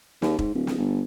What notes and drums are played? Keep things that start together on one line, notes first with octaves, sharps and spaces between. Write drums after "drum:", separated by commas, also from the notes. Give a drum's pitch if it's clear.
D#2, drum: snare
G#2, drum: kick E1
D1
drum: snare
G1